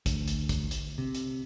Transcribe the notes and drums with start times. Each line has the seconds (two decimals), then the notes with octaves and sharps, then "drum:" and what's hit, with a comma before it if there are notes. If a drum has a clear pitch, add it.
0.06 D2, drum: kick, hi-hat
0.28 drum: hi-hat
0.49 drum: kick, hi-hat
0.71 drum: hi-hat
0.98 C3
1.15 drum: hi-hat